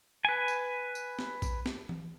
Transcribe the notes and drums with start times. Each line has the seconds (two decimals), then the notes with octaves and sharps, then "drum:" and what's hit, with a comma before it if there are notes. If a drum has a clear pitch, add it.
0.25 B4 G#5
0.48 drum: tambourine
0.95 drum: tambourine
1.19 drum: snare
1.42 drum: kick A#1, tambourine
1.66 drum: snare
1.89 drum: tom E3